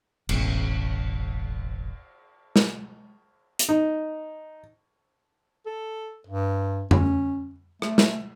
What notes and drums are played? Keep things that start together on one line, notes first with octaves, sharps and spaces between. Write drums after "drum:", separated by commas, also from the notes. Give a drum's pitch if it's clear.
E1 A1, drum: cymbal
drum: snare
drum: hi-hat
D#4
A4
G2
C#4, drum: tom F2
A3, drum: rim click
drum: snare